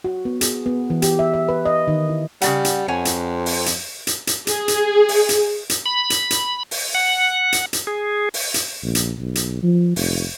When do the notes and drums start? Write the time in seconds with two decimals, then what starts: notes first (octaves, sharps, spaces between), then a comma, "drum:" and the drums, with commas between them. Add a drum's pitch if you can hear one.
0.04 F#4
0.25 B3
0.41 G#4, drum: hi-hat
0.66 B3
0.90 E3
1.02 G4, drum: hi-hat
1.19 E5
1.34 E5
1.49 B4
1.65 D#5
1.88 D#3
2.09 E4
2.41 C#3 G3 A3 F#5, drum: hi-hat
2.65 drum: hi-hat
2.88 F2 C#5 F#5 G#5
3.05 drum: hi-hat
3.46 drum: open hi-hat
3.66 drum: hi-hat
4.07 drum: hi-hat
4.27 drum: hi-hat
4.47 G#4, drum: hi-hat
4.68 drum: hi-hat
5.09 drum: open hi-hat
5.29 drum: hi-hat
5.70 drum: hi-hat
5.86 B5
6.10 drum: hi-hat
6.31 drum: hi-hat
6.71 drum: open hi-hat
6.95 F#5
7.52 drum: hi-hat
7.73 drum: hi-hat
7.87 G#4
8.34 drum: open hi-hat
8.54 drum: hi-hat
8.83 A#1
8.95 drum: hi-hat
9.19 B1
9.35 drum: hi-hat
9.63 F3
9.96 F1, drum: open hi-hat